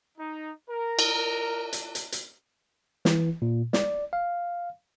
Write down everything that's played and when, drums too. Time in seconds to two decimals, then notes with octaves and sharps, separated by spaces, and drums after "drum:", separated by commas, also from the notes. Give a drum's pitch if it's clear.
0.18 D#4
0.70 A#4
0.99 drum: cymbal
1.73 drum: hi-hat
1.95 drum: hi-hat
2.12 drum: hi-hat
3.05 E3, drum: snare
3.42 A#2
3.73 D5, drum: snare
4.13 F5